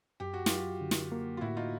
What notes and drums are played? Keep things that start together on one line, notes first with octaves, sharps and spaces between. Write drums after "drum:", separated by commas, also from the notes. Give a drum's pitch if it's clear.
F#2 G4
F#4
F#3 F4 G4, drum: snare
D3
drum: snare
A#3
F4
A2 E4 F#4
D#4 F4